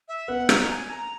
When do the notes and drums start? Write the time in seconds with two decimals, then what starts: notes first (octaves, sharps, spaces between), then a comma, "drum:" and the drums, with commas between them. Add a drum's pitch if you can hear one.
0.08 E5
0.28 B3 F#5
0.49 A#5, drum: rim click
0.69 G#5
0.90 A#5